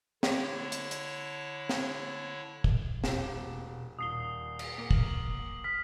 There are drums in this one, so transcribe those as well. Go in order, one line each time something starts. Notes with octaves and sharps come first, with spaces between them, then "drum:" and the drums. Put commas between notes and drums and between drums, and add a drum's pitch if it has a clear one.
D3 E4 C#5 A5 D6, drum: snare
drum: hi-hat
drum: hi-hat
drum: snare
drum: kick
E1 G4 E7, drum: snare
D#1 D#6 C7 G7
drum: cymbal
A#3
F#7, drum: kick
F6 B6